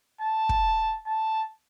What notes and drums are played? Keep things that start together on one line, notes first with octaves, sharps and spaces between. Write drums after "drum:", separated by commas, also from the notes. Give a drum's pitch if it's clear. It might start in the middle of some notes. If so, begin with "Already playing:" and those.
A5
drum: kick
A5